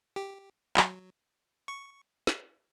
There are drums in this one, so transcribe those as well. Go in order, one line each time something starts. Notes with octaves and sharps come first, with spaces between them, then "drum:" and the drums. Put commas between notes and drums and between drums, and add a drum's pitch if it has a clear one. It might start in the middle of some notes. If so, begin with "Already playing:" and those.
G4
F#3, drum: clap
C#6
drum: snare